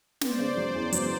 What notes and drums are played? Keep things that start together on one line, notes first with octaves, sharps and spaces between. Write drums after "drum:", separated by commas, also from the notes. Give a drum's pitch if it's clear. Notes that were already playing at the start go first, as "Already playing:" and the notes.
B3 C5 D5, drum: snare
C#3
F#3
E2
F#3, drum: hi-hat